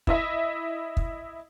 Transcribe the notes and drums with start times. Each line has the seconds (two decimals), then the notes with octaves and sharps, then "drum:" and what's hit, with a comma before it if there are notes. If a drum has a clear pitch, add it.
0.07 E4 D#5 E5, drum: kick
0.97 drum: kick